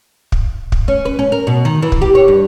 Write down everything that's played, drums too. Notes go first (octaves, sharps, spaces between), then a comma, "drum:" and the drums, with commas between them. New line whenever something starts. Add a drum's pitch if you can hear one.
drum: kick
drum: kick
C#4
B4
C#4
A#4
B2
D#3
E3
drum: kick
G4
C#5
G2